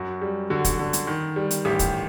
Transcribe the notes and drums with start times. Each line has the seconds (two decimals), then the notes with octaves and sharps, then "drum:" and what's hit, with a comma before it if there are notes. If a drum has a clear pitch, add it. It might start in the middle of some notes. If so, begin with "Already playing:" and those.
Already playing: F#2 F#4
0.22 G3
0.50 D3 F#4
0.65 drum: kick, hi-hat
0.79 D3
0.93 drum: hi-hat
1.07 D#3
1.36 G3
1.51 drum: hi-hat
1.65 A1 G4
1.79 drum: kick, hi-hat